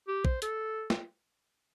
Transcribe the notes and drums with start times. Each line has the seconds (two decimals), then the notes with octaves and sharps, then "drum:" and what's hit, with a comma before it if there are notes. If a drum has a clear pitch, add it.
0.08 G4
0.25 C5, drum: kick
0.42 A4, drum: hi-hat
0.90 drum: snare